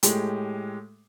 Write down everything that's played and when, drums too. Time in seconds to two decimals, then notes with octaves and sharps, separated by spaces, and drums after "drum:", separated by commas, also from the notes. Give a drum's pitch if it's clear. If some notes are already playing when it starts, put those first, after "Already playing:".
0.03 A2 G#3 G4, drum: hi-hat